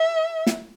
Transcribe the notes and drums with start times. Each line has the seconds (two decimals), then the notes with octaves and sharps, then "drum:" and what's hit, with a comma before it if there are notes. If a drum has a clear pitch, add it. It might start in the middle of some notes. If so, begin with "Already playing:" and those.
Already playing: E5
0.47 drum: snare